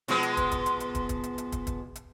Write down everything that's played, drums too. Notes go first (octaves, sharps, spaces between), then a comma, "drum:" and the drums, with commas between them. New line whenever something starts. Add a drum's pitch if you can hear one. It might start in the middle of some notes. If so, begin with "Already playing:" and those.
B2 F3 G#3, drum: hi-hat
drum: hi-hat
drum: kick, hi-hat
drum: kick, hi-hat
drum: hi-hat
drum: hi-hat
drum: kick, hi-hat
drum: kick, hi-hat
drum: hi-hat
drum: hi-hat
drum: kick, hi-hat
drum: kick, hi-hat
drum: hi-hat